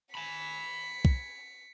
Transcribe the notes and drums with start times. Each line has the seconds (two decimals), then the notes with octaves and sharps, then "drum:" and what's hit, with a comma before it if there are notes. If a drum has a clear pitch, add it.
0.15 G#5 B5 B6 C#7
1.05 drum: kick